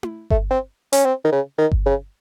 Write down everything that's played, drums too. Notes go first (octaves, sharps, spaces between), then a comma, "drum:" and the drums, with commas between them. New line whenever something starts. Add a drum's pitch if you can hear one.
drum: tom E4
A3, drum: kick G1
C4
C#4, drum: hi-hat
C4
D#3
C#3
D#3
drum: kick G1
C#3